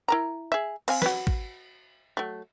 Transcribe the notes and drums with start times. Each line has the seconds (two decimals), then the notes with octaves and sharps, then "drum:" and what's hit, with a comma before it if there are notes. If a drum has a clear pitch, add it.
0.08 E4 A#4 A#5
0.52 G#4 E5
0.88 C4 F5 G#5, drum: cymbal
1.02 F#4 B4, drum: snare
1.27 drum: kick
2.17 F#3 A3